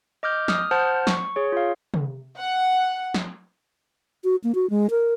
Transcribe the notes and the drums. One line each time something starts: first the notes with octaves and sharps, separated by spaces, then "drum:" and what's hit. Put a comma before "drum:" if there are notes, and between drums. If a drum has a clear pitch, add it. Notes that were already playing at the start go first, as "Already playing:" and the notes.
D#5 D6 F6 G6
D#6 F6, drum: snare
C5 F#5 A5 F6 G6
C#6, drum: snare
G#4 C#5
F4 F5
drum: tom C3
F#5
drum: snare
F#4
A#3
F#4
G#3
A#4